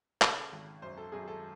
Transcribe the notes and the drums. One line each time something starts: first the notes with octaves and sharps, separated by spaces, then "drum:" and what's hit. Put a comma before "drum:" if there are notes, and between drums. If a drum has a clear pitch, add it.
C#3 A4, drum: clap
G#1
F#2 C5
A4
F#2 G#4
A4